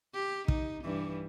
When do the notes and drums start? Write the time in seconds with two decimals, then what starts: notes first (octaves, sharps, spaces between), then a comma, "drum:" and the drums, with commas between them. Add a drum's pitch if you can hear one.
0.14 G4
0.48 D#4, drum: kick
0.84 G2 E3